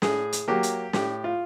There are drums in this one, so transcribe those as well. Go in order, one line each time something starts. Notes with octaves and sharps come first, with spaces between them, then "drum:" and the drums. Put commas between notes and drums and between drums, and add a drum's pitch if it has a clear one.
A2 G#4, drum: snare
drum: hi-hat
F#3 A#3 G4
drum: hi-hat
A2 G4, drum: snare
F4